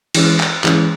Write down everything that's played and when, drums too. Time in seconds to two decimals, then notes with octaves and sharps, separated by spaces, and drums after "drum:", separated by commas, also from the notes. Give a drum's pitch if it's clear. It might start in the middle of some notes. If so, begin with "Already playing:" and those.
0.15 E3 G#3 C#4, drum: cymbal
0.40 drum: clap
0.64 E3 G#3 C#4, drum: clap